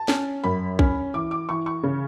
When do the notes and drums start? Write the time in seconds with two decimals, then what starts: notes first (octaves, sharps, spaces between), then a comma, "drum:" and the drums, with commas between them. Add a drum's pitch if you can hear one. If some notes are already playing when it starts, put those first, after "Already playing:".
Already playing: A5
0.08 C#4, drum: snare
0.44 F#2 B5
0.79 C#4, drum: kick B1
1.14 E3 D6
1.31 D6
1.49 E3 C#6
1.66 C#6
1.83 C#3